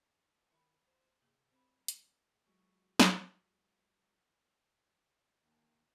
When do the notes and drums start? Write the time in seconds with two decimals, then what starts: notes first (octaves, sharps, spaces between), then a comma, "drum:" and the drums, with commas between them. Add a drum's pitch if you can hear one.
0.50 D#3 E4 E5 B5
0.86 C5
1.22 C3 A#3 G#4
1.51 C4 C5 B5
1.77 F#3
1.88 drum: hi-hat
2.46 F#3 G#3 E4 F4
3.00 drum: snare
5.37 D#2